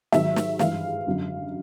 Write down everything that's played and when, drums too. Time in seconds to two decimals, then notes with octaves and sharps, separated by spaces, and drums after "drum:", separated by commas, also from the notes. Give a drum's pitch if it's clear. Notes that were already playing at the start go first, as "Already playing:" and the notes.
0.12 G#2 D#3 F#3 E5, drum: snare
0.36 drum: snare
0.59 G2 E3 G#3 F5, drum: snare
1.07 F#2 D3 F#3